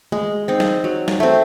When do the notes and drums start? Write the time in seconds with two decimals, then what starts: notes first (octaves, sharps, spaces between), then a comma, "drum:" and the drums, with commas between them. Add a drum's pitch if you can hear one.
0.12 G#3, drum: tom G#3
0.48 C4 D#4
0.60 drum: snare
0.84 F#3
1.08 drum: snare
1.20 A3 C4